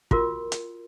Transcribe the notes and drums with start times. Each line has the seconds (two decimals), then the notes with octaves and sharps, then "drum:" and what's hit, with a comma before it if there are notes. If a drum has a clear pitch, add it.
0.11 F4 F#4 A#4, drum: kick
0.52 drum: hi-hat